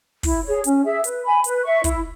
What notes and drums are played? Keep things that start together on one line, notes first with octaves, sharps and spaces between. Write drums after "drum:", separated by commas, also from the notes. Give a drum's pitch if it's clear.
E4, drum: kick, open hi-hat
G#4 C#5
C#4, drum: hi-hat
G#4 E5
B4, drum: hi-hat
G#5 B5
B4, drum: hi-hat
E5 C#6
E4, drum: kick, hi-hat